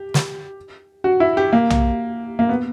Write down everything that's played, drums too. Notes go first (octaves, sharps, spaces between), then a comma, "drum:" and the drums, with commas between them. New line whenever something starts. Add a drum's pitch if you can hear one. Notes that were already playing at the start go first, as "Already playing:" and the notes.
Already playing: G4
drum: snare
F#4
E4
G4
A#3
drum: tom B1
A#3
B3